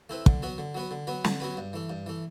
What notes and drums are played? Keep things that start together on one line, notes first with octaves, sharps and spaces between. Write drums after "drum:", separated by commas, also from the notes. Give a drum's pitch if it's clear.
A3 C4 E4 B4
D3, drum: kick
F#3 B3 F#4 B4
D3
F#3 B3 F#4 B4
D3
F#3 B3 F#4 B4
D3, drum: snare
F#3 B3 F#4 B4
G2
E3 A3
G2
E3 A3